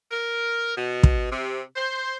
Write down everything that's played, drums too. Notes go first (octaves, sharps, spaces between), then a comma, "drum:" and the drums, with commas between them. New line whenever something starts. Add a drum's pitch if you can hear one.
A#4
B2
drum: kick
C3
C5